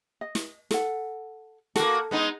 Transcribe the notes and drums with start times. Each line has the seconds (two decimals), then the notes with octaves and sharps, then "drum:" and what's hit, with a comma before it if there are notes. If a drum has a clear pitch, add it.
0.21 D#5
0.35 drum: snare
0.71 A4 F#5, drum: snare
1.76 A#3 F#4 A4, drum: snare
2.11 G#3 B3 D#4